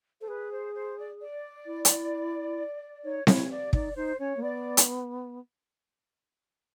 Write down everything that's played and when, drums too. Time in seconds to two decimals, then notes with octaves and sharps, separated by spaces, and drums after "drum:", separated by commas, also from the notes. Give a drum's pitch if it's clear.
0.21 A4 C5
0.28 G#4 B4
0.51 C5
0.73 C5
0.98 D5
1.19 D5
1.66 E4
1.85 drum: hi-hat
3.04 D#4 C#5
3.27 E4 C#5, drum: snare C4
3.50 D5
3.73 D#4 D5, drum: kick
3.95 D#4 C5
4.19 C#4 C#5
4.37 A#3
4.42 B3 D5
4.77 drum: hi-hat